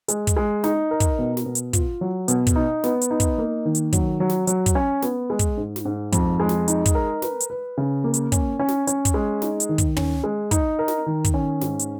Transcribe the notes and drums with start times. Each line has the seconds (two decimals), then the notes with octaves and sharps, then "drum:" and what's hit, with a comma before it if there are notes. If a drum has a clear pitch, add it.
0.08 G#3, drum: hi-hat
0.27 drum: kick, hi-hat
0.37 G#3
0.64 D#4, drum: snare
0.91 A#4
1.00 drum: kick, hi-hat
1.19 B2
1.37 drum: snare
1.46 B2
1.55 drum: hi-hat
1.73 F4, drum: kick, hi-hat
2.01 F#3
2.28 B2, drum: hi-hat
2.47 drum: kick, hi-hat
2.56 D#4
2.84 B3, drum: snare
3.01 drum: hi-hat
3.11 D#4
3.20 drum: kick, hi-hat
3.38 A#3
3.65 D#3
3.75 drum: hi-hat
3.93 F#3, drum: kick, hi-hat
4.20 F#3
4.29 drum: snare
4.47 F#3, drum: hi-hat
4.66 drum: kick, hi-hat
4.75 C#4
5.02 B3, drum: snare
5.30 G#3
5.39 drum: kick, hi-hat
5.57 G#2
5.76 drum: snare
5.85 G#2
6.12 F2, drum: kick, hi-hat
6.40 G#3
6.49 drum: snare
6.68 D#4, drum: hi-hat
6.86 drum: kick, hi-hat
6.95 A#4
7.22 B4, drum: snare
7.40 drum: hi-hat
7.50 B4
7.78 C#3
8.04 A#3
8.14 drum: hi-hat
8.32 C#4, drum: kick, hi-hat
8.59 C#4
8.68 drum: snare
8.87 C#4, drum: hi-hat
9.05 drum: kick, hi-hat
9.14 G#3
9.42 D#4, drum: snare
9.60 drum: hi-hat
9.69 D#3
9.78 drum: kick, hi-hat
9.97 C#4, drum: tom
10.24 G#3
10.51 D#4, drum: kick, hi-hat
10.79 A#4
10.88 drum: snare
11.06 D#3
11.25 drum: kick, hi-hat
11.34 C#4
11.61 G#2, drum: snare
11.79 drum: hi-hat